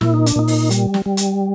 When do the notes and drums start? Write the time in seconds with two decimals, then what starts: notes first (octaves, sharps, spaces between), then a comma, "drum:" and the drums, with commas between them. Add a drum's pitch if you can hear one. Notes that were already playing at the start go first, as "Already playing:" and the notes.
0.01 A#2 E4, drum: snare
0.14 D#4
0.26 D4, drum: hi-hat
0.36 A#2 D#4
0.48 drum: open hi-hat
0.71 G3, drum: hi-hat
0.94 drum: snare
1.06 G3
1.17 drum: hi-hat